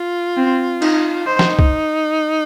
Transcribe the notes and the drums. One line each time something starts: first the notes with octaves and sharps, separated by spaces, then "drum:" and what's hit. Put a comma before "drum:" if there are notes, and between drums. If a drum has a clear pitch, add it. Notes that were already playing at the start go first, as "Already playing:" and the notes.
Already playing: F4
C4
D#4, drum: cymbal
D#4 C5
drum: snare
drum: kick